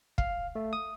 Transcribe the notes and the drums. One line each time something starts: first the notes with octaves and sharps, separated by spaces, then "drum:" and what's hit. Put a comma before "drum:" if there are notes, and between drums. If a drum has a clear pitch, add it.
F5, drum: kick
A3
D#6